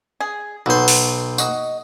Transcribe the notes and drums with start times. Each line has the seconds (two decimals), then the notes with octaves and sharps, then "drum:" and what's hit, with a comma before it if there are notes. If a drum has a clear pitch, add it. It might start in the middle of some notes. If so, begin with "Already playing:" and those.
0.20 G#4
0.66 B1 B3 F#4 C5
0.88 drum: open hi-hat
1.38 F#4 D#5, drum: tambourine